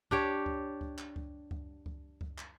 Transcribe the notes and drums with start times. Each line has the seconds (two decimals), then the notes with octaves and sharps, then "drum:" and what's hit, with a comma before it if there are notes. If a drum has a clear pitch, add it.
0.11 D4 G4 C#5, drum: kick C#2
0.46 drum: kick C#2
0.81 drum: kick C#2
0.99 drum: clap
1.16 drum: kick C#2
1.51 drum: kick C#2
1.86 drum: kick C#2
2.21 drum: kick C#2
2.38 drum: clap